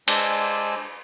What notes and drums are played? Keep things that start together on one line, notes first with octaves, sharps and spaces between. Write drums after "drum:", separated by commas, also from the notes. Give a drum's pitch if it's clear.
G#3 D4 C5 D5 G#5 E6, drum: cymbal